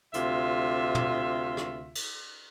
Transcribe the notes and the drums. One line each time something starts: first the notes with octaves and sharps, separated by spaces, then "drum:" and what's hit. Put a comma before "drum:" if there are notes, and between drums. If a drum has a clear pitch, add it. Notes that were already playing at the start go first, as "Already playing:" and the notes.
D2 C3 F4 E5, drum: hi-hat
drum: tom
drum: rim click
drum: cymbal